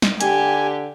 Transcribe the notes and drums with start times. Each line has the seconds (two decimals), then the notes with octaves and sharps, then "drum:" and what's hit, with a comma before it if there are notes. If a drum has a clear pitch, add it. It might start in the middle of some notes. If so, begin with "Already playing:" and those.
0.02 drum: snare
0.21 D3 G4 G#5, drum: hi-hat